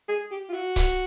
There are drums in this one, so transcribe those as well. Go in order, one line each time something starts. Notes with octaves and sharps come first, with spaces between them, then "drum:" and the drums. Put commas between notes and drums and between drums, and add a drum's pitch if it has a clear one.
G#4
G4
F4
F#4
drum: kick C#1, hi-hat